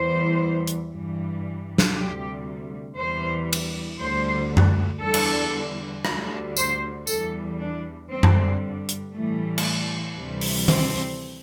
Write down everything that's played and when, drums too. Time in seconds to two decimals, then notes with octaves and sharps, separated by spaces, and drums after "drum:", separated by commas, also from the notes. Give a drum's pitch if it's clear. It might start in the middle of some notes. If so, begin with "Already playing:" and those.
Already playing: E2 E3 G3 C5
0.67 drum: hi-hat
0.90 G2 E3 G3
1.78 drum: snare
1.93 D2 C3 G3 G4
2.96 E2 E3 G3 C5
3.53 drum: cymbal
3.98 D2 D3 G3 C5
4.57 drum: tom F#2
5.01 E2 D3 G3 A4
5.14 drum: cymbal
6.05 D2 D3 G3, drum: rim click
6.57 C5, drum: tambourine
7.07 E2 E3 G3 A4, drum: tambourine
7.59 D4
8.10 G2 D3 G3 C4
8.23 drum: tom F#2
8.89 drum: hi-hat
9.13 A2 E3 G3 A3
9.58 drum: cymbal
10.16 D2 C3 E3 G3
10.41 drum: open hi-hat
10.68 C4, drum: tom D#3